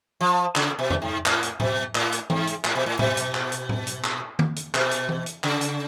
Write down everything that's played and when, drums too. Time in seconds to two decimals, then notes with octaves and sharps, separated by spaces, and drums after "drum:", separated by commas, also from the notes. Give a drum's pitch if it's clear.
0.21 F3
0.55 C#3, drum: clap
0.79 B2
0.90 drum: tom E2
1.02 G#2
1.26 A2, drum: clap
1.43 drum: hi-hat
1.60 B2, drum: tom A2
1.95 A2, drum: clap
2.12 drum: hi-hat
2.30 G#2, drum: tom E3
2.47 drum: hi-hat
2.64 A2, drum: clap
2.76 B2
2.86 A2
2.99 B2, drum: tom A2
3.17 drum: hi-hat
3.34 drum: clap
3.52 drum: hi-hat
3.69 drum: tom A2
3.87 drum: hi-hat
4.04 drum: clap
4.39 drum: tom D#3
4.56 drum: hi-hat
4.74 B2, drum: clap
4.91 drum: hi-hat
5.09 drum: tom E3
5.26 drum: hi-hat
5.44 C#3, drum: clap
5.61 drum: hi-hat